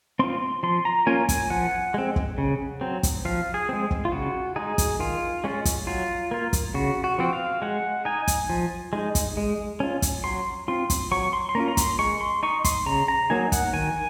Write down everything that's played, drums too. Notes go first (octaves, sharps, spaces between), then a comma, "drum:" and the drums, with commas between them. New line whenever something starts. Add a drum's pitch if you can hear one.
C4 F4 C6
F3 C6
A#5
A#3 C#4 F4 G#5
G#5, drum: kick, hi-hat
F3 F#5
G#3 C4
drum: kick
C#3
F#3 C4
drum: kick, hi-hat
F3 F5
G#4
G#3 C4
drum: kick
F4
C#3 F#4
G#3 D#4 G#4
drum: kick, hi-hat
D#3 F4
G#3 C#4 F4
drum: kick, hi-hat
F#3 F4
A#3 F4
drum: kick, hi-hat
C#3 F#4
F#4
F3 C4
F5
G#3 F#5
D#4 G#5
drum: kick, hi-hat
F3
G#3 D#4
drum: kick, hi-hat
G#3
C#4 F4
drum: kick, hi-hat
F#3 C6
C4 F4 C6
drum: kick, hi-hat
F#3 C#6
C6
C6
A#3 C#4 F4 A#5
A#5
C6, drum: kick, hi-hat
G#3 C#6
C6
D#4 C#6
C6, drum: kick, hi-hat
C#3 A#5
A#5
F#3 A#3 D#4 G#5
F#5, drum: kick, hi-hat
D#3 G#5